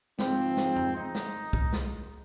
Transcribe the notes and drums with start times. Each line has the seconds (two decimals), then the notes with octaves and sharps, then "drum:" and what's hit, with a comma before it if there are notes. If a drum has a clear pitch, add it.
0.19 G#2 F3 C4, drum: snare
0.57 drum: snare
0.76 drum: tom F2
0.96 D#4
1.15 drum: snare
1.53 drum: kick B1
1.73 drum: snare